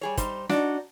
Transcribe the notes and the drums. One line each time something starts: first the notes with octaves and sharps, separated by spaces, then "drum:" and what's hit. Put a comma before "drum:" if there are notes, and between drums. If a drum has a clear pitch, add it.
G3 G#4 C#5
G3 D#4 C5, drum: kick, hi-hat
D4 D#4 F#4, drum: snare